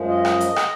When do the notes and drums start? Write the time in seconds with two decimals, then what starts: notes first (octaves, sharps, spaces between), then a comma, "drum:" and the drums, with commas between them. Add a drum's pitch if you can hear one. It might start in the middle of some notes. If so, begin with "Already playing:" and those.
Already playing: F#2 F3 G#3
0.08 D#5
0.25 drum: rim click
0.41 drum: hi-hat
0.56 drum: rim click